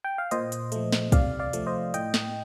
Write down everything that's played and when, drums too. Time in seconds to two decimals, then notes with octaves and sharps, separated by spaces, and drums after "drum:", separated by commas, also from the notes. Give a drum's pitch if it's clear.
0.04 G5
0.18 F5
0.31 A#2 C5 D#5, drum: hi-hat
0.52 drum: hi-hat
0.72 F3 A3, drum: hi-hat
0.93 drum: snare
1.12 C3 D5 F5, drum: kick, hi-hat
1.39 D5 F5
1.53 F3 A3, drum: hi-hat
1.66 C5 D#5
1.94 A2 D#5 G5, drum: hi-hat
2.14 drum: snare